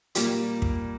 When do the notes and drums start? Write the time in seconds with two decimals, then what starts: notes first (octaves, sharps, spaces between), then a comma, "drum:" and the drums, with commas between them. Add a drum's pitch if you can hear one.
0.15 A#2 G3 A#3, drum: hi-hat
0.62 drum: kick